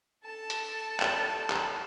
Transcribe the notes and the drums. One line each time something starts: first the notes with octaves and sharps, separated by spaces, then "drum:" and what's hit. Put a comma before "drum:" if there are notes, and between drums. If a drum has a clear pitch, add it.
A4 A5
drum: hi-hat
drum: clap
drum: clap